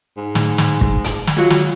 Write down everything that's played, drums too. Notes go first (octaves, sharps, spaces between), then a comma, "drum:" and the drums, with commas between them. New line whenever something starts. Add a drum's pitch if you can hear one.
G#2
A2, drum: snare
drum: snare
drum: kick
drum: hi-hat
drum: snare
F#3 G#3 F4
drum: snare